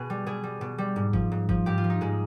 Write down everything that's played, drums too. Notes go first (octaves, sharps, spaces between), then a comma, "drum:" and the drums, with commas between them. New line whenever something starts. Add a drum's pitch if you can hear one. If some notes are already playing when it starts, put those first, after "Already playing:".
Already playing: B2 G#4 B4
G3
B2 G#4
G3
B2
G3
G#2
F3, drum: kick F#1
G#2
F3, drum: kick F#1
G#2 G4
F4
F3
D#4
G#2 G#3